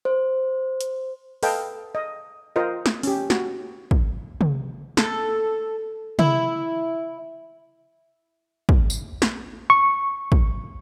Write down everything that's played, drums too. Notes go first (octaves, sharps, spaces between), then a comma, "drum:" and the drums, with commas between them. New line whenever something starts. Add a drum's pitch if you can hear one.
C5
drum: hi-hat
A4 B4 D#5 F5 G5 A5, drum: open hi-hat
D#5
F4 A#4 C5 D#5
drum: snare
C#4 G4, drum: open hi-hat
F#4, drum: snare
drum: kick
drum: tom
A4, drum: snare
E4, drum: tom
drum: kick
drum: tambourine
drum: snare
C#6
drum: kick